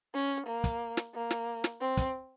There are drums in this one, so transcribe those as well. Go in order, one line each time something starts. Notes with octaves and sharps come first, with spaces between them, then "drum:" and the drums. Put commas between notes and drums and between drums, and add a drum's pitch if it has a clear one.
C#4
A#3
drum: kick, hi-hat
drum: snare
A#3
drum: snare
drum: snare
C4
drum: kick, hi-hat